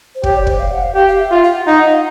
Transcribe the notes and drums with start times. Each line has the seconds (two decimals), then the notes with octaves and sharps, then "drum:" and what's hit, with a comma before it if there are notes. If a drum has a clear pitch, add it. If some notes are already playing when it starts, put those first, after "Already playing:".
0.15 C5
0.23 G4 C#5, drum: kick
0.36 D5
0.47 C5, drum: kick
0.59 F5
0.72 F#5
0.83 F5
0.95 G4 F5
1.08 F5
1.19 E5
1.31 F4 F5
1.43 F5
1.56 F#5
1.67 D#4 F5
1.79 F#5
1.92 F5